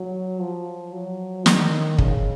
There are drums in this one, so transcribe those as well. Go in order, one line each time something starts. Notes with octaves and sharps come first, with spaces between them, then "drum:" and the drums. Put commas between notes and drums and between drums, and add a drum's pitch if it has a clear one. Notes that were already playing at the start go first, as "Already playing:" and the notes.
Already playing: F#3
F3
F#3
D#3, drum: snare
C#3, drum: kick